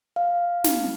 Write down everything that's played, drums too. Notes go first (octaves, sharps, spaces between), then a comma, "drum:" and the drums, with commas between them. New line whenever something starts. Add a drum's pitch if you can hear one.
F5
drum: snare